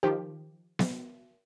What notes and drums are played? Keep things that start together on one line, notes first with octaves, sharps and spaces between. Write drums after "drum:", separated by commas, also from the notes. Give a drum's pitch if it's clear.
D#3 F3 G4
drum: snare B3